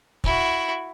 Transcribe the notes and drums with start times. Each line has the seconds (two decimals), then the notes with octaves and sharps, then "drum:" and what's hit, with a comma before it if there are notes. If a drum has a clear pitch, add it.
0.24 E4 F#4, drum: kick